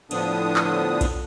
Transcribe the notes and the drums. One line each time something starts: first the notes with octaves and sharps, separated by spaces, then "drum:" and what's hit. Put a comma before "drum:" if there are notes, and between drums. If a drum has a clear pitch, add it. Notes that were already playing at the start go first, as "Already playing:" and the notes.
A2 D3 F3 B3 D4 D#6, drum: cymbal
drum: clap
drum: kick B1, cymbal